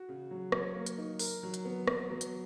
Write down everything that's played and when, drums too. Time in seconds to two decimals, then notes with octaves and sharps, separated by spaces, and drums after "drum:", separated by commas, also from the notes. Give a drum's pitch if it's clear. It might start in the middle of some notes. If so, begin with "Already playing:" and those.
Already playing: F#4
0.09 C#3
0.31 F#3
0.52 C#5, drum: rim click
0.75 A#3
0.86 drum: hi-hat
0.98 D#4
1.19 A#4, drum: open hi-hat
1.43 F#3
1.54 drum: hi-hat
1.65 B3
1.87 F#3, drum: rim click
2.10 F#3
2.21 drum: hi-hat